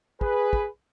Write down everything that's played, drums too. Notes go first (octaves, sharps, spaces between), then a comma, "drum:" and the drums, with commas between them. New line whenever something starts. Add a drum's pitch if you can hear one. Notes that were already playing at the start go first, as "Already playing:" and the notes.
G#4 B4, drum: kick
drum: kick